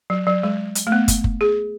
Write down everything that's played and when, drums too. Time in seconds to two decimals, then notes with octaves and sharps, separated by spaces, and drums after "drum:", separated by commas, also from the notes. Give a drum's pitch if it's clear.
0.10 F#3
0.27 F#3
0.43 G#3
0.75 drum: hi-hat
0.87 A3
0.92 B3
1.08 drum: kick, hi-hat
1.24 drum: kick
1.41 G#4